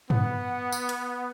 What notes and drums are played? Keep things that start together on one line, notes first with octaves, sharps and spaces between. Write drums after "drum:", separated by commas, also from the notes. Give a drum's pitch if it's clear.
B3 F#5, drum: tom
drum: tambourine
drum: hi-hat